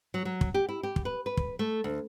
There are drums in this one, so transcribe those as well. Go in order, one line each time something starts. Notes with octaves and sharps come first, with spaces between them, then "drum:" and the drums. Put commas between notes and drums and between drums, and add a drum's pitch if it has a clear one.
F#3
F#3
drum: kick
G4
E4
G4
drum: kick
B4
B4
drum: kick
A3
D2